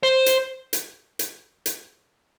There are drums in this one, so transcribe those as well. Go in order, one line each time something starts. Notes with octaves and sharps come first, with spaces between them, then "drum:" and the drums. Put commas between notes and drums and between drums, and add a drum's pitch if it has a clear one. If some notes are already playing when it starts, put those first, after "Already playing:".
C5
drum: hi-hat
drum: hi-hat
drum: hi-hat
drum: hi-hat